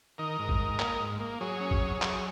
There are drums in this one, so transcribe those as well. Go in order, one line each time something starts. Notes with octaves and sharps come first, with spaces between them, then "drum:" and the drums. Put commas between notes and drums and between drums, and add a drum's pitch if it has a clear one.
D#3 A#4 D#5
G#2
drum: kick G#1
G#2
A#3, drum: clap
G#2
A#3
F#3 G#4 C#5
C#4
drum: kick G#1
F#3
F#3, drum: clap